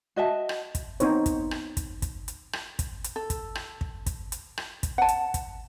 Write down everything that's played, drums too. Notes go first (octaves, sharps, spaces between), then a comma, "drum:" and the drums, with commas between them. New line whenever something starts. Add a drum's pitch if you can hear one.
F#4 D#5 E5 A5
drum: rim click
drum: kick, hi-hat
B3 C4 D#4 C5 C#5, drum: hi-hat
drum: kick, hi-hat
drum: rim click
drum: kick, hi-hat
drum: kick, hi-hat
drum: hi-hat
drum: rim click
drum: kick, hi-hat
drum: hi-hat
A4
drum: kick, hi-hat
drum: rim click
drum: kick
drum: kick, hi-hat
drum: hi-hat
drum: rim click
drum: kick, hi-hat
F#5 A5
drum: hi-hat
drum: kick, hi-hat